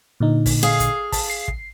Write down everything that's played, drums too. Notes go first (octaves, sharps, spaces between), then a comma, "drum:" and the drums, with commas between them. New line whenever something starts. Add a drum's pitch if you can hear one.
A#2 D3 D#4
drum: kick, open hi-hat
G#4 F5
drum: kick, hi-hat
A5, drum: kick, open hi-hat
C7
drum: kick